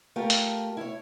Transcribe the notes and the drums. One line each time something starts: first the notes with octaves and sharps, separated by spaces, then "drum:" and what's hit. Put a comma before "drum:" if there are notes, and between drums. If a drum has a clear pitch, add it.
A3 F4 G4 A#4
drum: hi-hat
E4 C#5